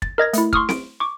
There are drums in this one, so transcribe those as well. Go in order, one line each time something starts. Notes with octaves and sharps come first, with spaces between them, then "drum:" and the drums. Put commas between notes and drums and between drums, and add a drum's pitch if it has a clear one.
A6, drum: kick
A#4 D#5 G#6 A#6
A3 E4, drum: hi-hat
C6 C#6 D#6 F6, drum: kick
D7, drum: snare C4
C#6 D6